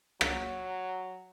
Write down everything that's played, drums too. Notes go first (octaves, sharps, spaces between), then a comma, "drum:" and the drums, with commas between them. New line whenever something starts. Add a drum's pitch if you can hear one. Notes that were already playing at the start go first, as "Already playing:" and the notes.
F#3, drum: rim click